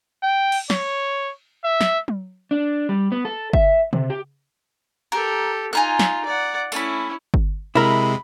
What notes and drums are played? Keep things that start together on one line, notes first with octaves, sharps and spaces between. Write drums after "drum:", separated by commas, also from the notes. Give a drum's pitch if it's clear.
G5
drum: cymbal
C#5, drum: snare
E5
drum: snare
drum: tom F#3
D4
G3
B3
A4
E5, drum: kick G1
C3, drum: tom C#3
G4
G4 A4 A#4
D#4 F4 G#5 A#5 F#6
drum: snare
D5 F#5
A3 C#4 E4 B5, drum: tambourine
drum: kick G1
C3 G#3 E4 A#4 B5